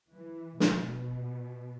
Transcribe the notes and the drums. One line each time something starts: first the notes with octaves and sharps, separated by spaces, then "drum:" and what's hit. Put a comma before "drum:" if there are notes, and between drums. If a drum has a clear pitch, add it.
E3
B2, drum: snare